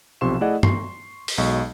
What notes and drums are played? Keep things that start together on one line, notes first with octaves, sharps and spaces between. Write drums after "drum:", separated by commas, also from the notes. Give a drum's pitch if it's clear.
B1 C3 F3 C6 C#6 E7
A3 E4 G#4 D5 D#5 F#5
C6 C#6 C7, drum: tom
drum: open hi-hat
B1 F#3 G#3 D#5 C#6